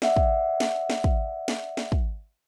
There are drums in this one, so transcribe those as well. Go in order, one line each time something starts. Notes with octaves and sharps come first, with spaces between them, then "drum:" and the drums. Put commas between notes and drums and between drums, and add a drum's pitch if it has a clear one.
D5 E5 F#5, drum: snare
drum: kick
drum: snare
drum: snare
drum: kick
drum: snare
drum: snare
drum: kick